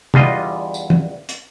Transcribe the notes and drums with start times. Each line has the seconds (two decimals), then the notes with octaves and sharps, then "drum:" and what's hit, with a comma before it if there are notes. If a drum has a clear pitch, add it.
0.14 E2 D3 G3 F4 D#5, drum: tom
0.74 drum: tambourine
0.90 drum: tom
1.29 drum: hi-hat